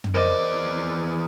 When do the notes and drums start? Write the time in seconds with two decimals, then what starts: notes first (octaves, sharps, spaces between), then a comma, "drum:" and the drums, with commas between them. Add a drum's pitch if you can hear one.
0.04 drum: tom
0.14 E2 A#4 C5 D5 D#5